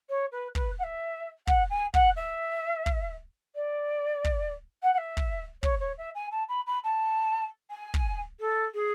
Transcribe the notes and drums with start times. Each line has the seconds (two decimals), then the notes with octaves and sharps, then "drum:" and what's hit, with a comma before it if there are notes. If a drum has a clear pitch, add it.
0.10 C#5
0.32 B4
0.55 B4, drum: kick
0.79 F#5
0.83 E5
1.47 F#5, drum: kick
1.70 G#5
1.94 F#5, drum: kick
2.16 E5
2.86 drum: kick
3.55 D5
4.24 drum: kick
4.83 F#5
4.94 F#5
4.98 E5
5.17 drum: kick
5.63 C#5, drum: kick
5.80 C#5
5.98 E5
6.15 G#5
6.32 A5
6.49 B5
6.67 B5
6.84 A5
7.71 G#5
7.94 drum: kick
8.40 A4
8.74 G#4